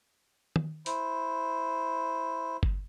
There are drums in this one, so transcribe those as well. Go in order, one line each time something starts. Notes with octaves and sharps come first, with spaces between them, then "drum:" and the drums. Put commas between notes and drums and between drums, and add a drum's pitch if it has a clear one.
drum: tom
E4 C5, drum: hi-hat
drum: kick G1